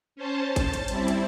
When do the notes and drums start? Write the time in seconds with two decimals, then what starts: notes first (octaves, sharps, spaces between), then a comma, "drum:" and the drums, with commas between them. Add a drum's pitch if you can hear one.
0.16 C#4 C5 A5
0.56 A5, drum: kick G#1, hi-hat
0.74 drum: hi-hat
0.88 G3 C4 E4, drum: hi-hat
1.08 drum: hi-hat